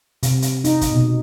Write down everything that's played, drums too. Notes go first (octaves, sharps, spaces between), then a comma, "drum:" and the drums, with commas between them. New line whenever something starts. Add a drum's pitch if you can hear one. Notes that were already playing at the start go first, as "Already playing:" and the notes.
C3, drum: hi-hat
drum: hi-hat
D#4, drum: hi-hat
drum: kick, hi-hat
B2